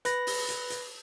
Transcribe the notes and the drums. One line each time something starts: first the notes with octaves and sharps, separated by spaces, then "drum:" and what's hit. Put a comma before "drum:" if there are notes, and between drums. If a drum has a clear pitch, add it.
B4 B5 A#6, drum: hi-hat
drum: open hi-hat
drum: hi-hat
drum: hi-hat